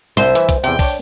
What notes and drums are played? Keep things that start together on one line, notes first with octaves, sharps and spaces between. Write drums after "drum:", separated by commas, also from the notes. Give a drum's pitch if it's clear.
C2 C5 E5, drum: hi-hat
E3, drum: hi-hat
drum: kick, hi-hat
E2 C3 G5, drum: hi-hat
D4 C#5, drum: kick, open hi-hat